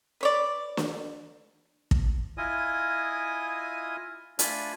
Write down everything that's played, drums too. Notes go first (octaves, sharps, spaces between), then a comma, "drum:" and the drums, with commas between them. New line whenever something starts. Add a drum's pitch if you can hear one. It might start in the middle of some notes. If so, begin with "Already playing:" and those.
B4 C#5 D5
drum: snare
drum: kick
E4 F4 D#5 G#5 D#6
A3 D4 F4 G#5 B5, drum: hi-hat